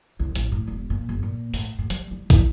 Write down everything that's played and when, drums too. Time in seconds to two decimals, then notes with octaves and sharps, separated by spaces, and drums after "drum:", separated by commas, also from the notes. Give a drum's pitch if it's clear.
0.20 C2
0.35 A1, drum: hi-hat
0.52 A2
0.67 E1
0.90 A#2
1.09 G1
1.23 A#2
1.54 A2, drum: open hi-hat
1.79 A2
1.90 G3, drum: hi-hat
2.11 G3
2.30 E4, drum: kick, hi-hat